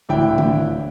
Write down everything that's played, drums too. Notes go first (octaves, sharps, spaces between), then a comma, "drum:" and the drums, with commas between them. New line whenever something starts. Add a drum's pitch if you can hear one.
D1 D3 E4 G5
drum: tom D#3